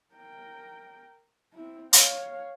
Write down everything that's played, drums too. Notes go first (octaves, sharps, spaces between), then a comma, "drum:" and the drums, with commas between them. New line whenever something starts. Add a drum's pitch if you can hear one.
A#4 G5
C4 E4
C#5 F5, drum: hi-hat